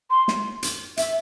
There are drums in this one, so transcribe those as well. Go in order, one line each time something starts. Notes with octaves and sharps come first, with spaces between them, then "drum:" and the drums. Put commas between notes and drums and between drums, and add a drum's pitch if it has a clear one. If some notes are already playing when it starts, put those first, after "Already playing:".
C6
drum: snare
drum: hi-hat
E5, drum: hi-hat